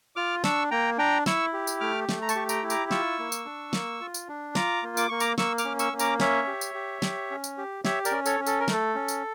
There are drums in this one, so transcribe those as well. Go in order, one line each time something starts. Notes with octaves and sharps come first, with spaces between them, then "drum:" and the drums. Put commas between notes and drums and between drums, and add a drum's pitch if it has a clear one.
F4 D6 F6
D4 C#6 E6, drum: snare
A#3 G5 A#5
D4 G5 A#5
E4 C#6 E6, drum: snare
G4
drum: tambourine
A3 D6 F6
A3, drum: snare
A#5
A5 C#6, drum: tambourine
G4
G5 A#5, drum: tambourine
E4
A#5 D6, drum: tambourine
F4 C#6 E6, drum: snare
A#3
drum: tambourine
D4
A#3, drum: snare
F4
drum: tambourine
D4
F4 A#5 D6, drum: snare
A#3
D6, drum: tambourine
A#3 C#6
A#5 D6, drum: tambourine
A#3 C#6 E6, drum: snare
D6 F6, drum: tambourine
C#4
C#6 E6, drum: tambourine
A#3
A#5 D6, drum: tambourine
C#4 C#5 E5, drum: snare
G4
drum: tambourine
G4
G4, drum: snare
C#4
drum: tambourine
G4
G4 C#5 E5, drum: snare
A#4 D5, drum: tambourine
C#4
A4 C#5, drum: tambourine
C#4
A4, drum: tambourine
A#4
A3, drum: snare
A4
C#4
drum: tambourine